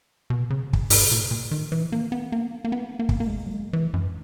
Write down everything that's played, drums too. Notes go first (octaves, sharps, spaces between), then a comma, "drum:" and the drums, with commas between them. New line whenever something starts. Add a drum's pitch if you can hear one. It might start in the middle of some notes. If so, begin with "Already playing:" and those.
B2
C#3
drum: kick
G#2, drum: open hi-hat
A#2
A#2
D#3
E3
A#3
B3
A#3
B3
A#3
A#3
B3
A#3
drum: kick
A#3
G#3
F#3
G#3
E3
F#2